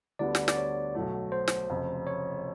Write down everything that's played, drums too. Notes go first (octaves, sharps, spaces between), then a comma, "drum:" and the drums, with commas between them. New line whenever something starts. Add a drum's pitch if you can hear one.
D2 D3 G3 B3 D5
drum: snare
D5, drum: snare
C#5
B1 B2 F#3 A3
C5
drum: snare
F1 F2 C#3
C#5